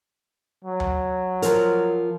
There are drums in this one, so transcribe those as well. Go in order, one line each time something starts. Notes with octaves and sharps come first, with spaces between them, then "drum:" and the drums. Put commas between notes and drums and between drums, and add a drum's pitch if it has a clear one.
F#3
drum: tom D2
F3 A#4, drum: hi-hat